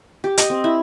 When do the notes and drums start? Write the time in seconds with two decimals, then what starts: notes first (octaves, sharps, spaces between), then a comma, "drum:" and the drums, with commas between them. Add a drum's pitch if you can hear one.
0.24 G4
0.38 D#5, drum: hi-hat
0.50 C4
0.64 E4